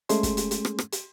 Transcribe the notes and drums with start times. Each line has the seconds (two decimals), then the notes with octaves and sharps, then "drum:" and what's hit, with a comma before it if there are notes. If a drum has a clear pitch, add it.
0.09 G#3 A3 C#4 G#4 C6, drum: hi-hat
0.23 drum: kick, hi-hat
0.37 drum: hi-hat
0.51 drum: hi-hat
0.65 drum: rim click
0.79 drum: rim click
0.92 drum: hi-hat